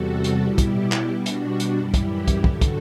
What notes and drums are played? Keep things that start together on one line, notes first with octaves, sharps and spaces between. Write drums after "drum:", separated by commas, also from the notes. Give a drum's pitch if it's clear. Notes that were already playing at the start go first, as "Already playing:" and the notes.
Already playing: E2 C3 G3 F#4 A4
drum: hi-hat
B2 G3 E4 G4
drum: kick, hi-hat
drum: clap
B2 G3 D4 F#4
drum: hi-hat
drum: hi-hat
F#2 E3 G3 E4 G4
drum: kick, hi-hat
drum: kick, hi-hat
G2 D3 F#3 F#4 A4, drum: kick
drum: kick, hi-hat